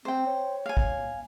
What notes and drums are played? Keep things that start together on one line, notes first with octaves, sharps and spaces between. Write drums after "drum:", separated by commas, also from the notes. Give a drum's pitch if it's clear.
C4 C5 G5
C#5
F5 G#5
drum: kick